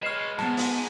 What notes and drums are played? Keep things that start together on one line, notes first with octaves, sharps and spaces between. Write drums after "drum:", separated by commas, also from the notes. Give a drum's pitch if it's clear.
G#4 B4 C#5 D#5 F6 C7 E7
G#2 B3 A5, drum: snare
drum: open hi-hat